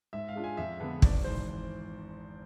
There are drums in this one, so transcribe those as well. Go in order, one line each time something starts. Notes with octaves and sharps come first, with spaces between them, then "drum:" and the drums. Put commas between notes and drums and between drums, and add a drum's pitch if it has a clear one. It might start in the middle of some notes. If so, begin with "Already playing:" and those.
G#2 E5
F5
G#3 D4 F4
G#5
F2 E5
D3 G#3 B3 D4
G#1 D5, drum: kick
G#2 E3 C5